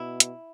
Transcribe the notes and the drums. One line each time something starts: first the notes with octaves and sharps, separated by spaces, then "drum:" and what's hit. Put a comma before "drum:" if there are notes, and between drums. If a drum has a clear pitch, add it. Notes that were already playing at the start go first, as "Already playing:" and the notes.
Already playing: B2 E4
drum: hi-hat